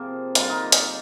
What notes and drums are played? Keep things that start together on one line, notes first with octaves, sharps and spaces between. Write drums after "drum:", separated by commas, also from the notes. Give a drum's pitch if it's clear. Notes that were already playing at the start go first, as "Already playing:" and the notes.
Already playing: C3 F3 A#3 C4 G#4
D3 G3 A#3 F4, drum: hi-hat
D#4
drum: hi-hat